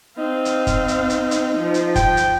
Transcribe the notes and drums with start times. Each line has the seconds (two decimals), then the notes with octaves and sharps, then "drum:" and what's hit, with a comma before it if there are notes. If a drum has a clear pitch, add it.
0.18 C4 D#4 F5
0.45 drum: hi-hat
0.67 drum: kick, hi-hat
0.88 drum: hi-hat
1.10 drum: hi-hat
1.31 drum: hi-hat
1.56 F3
1.74 drum: hi-hat
1.96 G5, drum: kick, hi-hat
2.17 drum: hi-hat